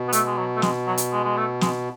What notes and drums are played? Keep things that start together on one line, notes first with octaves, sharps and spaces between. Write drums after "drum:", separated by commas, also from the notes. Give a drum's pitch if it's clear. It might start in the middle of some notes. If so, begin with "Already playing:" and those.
Already playing: B2
B3
A3, drum: hi-hat
G#3
F#3
A3
G#3, drum: snare
F#3
drum: hi-hat
G#3
G#3
A3
G#3, drum: snare